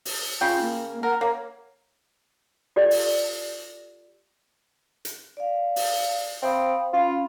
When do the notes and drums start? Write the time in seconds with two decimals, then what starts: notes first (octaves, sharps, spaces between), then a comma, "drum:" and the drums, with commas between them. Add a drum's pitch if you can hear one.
0.05 drum: open hi-hat
0.41 C#3 F4 G5
0.61 A#3
1.03 A#4 F#5
1.21 A#3 C#5
2.76 F4 G4 A4 D5 F5
2.91 drum: open hi-hat
5.05 drum: hi-hat
5.37 D5 F5
5.76 drum: open hi-hat
6.42 C4 F5 B5 D#6
6.93 C#4 F4 F5 B5